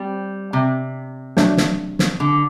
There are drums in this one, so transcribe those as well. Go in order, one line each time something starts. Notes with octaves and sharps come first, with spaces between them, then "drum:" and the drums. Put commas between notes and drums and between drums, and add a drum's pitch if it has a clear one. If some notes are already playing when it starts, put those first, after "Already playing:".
Already playing: G3 C4
C3
F#3 A3 D4, drum: snare
drum: snare
drum: snare
D3